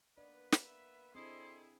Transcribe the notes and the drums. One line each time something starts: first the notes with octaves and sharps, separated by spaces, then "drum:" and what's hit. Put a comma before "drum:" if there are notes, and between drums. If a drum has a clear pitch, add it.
A#3 B3 D4 B4 D5 D#5
drum: snare
E5
C4 D4 E4 G#4 A4 D#5 C6